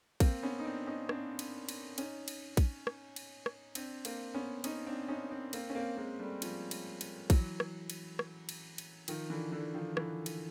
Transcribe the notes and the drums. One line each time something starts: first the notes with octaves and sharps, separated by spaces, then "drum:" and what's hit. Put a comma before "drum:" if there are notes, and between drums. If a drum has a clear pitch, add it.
A#3 C4, drum: kick, cymbal
B3 C#4
D#4
C4 D4
C#4 D#4
C4 D4, drum: rim click
drum: cymbal
drum: cymbal
C#4 D#4, drum: cymbal
drum: cymbal
drum: kick, cymbal
drum: rim click
drum: cymbal
drum: rim click
C4 D4, drum: cymbal
A#3 C4, drum: cymbal
B3 C#4
C#4 D#4, drum: cymbal
C4 D4
C#4 D#4
C4 D4
A#3 C4, drum: cymbal
C#4
A#3 C4
G#3 A#3
G3 A3
F3 G3, drum: cymbal
drum: cymbal
drum: cymbal
E3 F#3, drum: kick, cymbal
drum: rim click
drum: cymbal
drum: rim click
drum: cymbal
drum: cymbal
D#3 F3, drum: cymbal
D3 E3
D3 E3
D#3 F3
D3 E3, drum: rim click
drum: cymbal